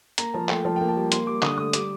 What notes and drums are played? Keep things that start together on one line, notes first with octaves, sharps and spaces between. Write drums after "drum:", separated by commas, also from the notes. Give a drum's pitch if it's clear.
A#3 A#5, drum: hi-hat
F3 A5
A3 G5, drum: clap
F3 A5
A#3 G5
A5
G3
A#3 C6, drum: hi-hat
G3 D6
D3 D#6, drum: clap
A3 D#6
G3 D6, drum: hi-hat